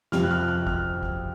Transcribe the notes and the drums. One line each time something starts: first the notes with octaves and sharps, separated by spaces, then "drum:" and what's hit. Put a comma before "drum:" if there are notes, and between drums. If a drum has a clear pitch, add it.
F2 C3 F3 C4 F6, drum: snare
F#6
F6
F#6
F6, drum: kick
drum: kick